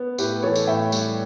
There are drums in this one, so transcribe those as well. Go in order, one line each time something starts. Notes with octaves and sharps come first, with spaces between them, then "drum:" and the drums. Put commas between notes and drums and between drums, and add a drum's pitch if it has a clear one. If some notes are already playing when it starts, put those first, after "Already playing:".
Already playing: B3
A2 G4 B4, drum: tambourine
E3 A4 C#5
drum: tambourine
A2 E5 G5
G3, drum: tambourine